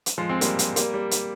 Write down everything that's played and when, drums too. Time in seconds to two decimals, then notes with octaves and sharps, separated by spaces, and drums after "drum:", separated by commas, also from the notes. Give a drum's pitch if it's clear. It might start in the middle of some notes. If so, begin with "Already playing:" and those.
0.06 drum: hi-hat
0.18 F3 G#3
0.29 G#3 C4
0.41 G3 A#3, drum: hi-hat
0.59 drum: hi-hat
0.76 G3 A#3, drum: hi-hat
0.94 G3
1.11 drum: hi-hat